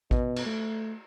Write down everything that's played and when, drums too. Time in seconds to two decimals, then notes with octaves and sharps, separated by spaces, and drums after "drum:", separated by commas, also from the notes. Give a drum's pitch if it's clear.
0.11 B2, drum: kick A1
0.36 drum: cymbal
0.46 A3